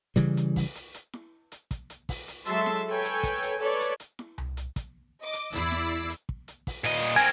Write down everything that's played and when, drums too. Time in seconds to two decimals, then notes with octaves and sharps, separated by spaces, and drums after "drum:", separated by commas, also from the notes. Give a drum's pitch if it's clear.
0.16 C#3 E3 G3, drum: kick, hi-hat
0.37 drum: hi-hat
0.56 drum: kick, open hi-hat
0.75 drum: hi-hat
0.94 drum: hi-hat
1.13 drum: snare E4
1.52 drum: hi-hat
1.71 drum: kick, hi-hat
1.90 drum: hi-hat
2.09 drum: kick, open hi-hat
2.28 drum: hi-hat
2.46 F#3 G#3 A4 E5 A5 C6, drum: hi-hat
2.66 drum: snare E4
2.87 A4 B4 C#5 G5 G#5
3.04 drum: hi-hat
3.23 drum: kick, hi-hat
3.42 drum: hi-hat
3.57 A4 B4 C#5 D5
3.81 drum: hi-hat
4.00 drum: hi-hat
4.19 drum: snare E4
4.38 drum: tom C2
4.57 drum: hi-hat
4.76 drum: kick, hi-hat
5.22 D#5 D6
5.33 drum: hi-hat
5.52 E2 E4 D5 E6 C7, drum: hi-hat
5.72 drum: snare E4
6.10 drum: hi-hat
6.29 drum: kick
6.48 drum: hi-hat
6.67 drum: kick, open hi-hat
6.84 A#2 D#5, drum: hi-hat
7.05 drum: hi-hat
7.16 C4 A#4 G#5